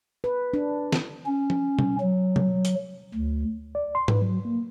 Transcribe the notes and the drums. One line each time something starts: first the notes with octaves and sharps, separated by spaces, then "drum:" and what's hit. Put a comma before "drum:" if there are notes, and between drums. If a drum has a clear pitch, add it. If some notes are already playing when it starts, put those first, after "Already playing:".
B4
D4
drum: snare
C#4
drum: tom F3
drum: tom
F#3
drum: tom
drum: hi-hat
D2
D5
C6
B4, drum: tom G#2
F#3
A#3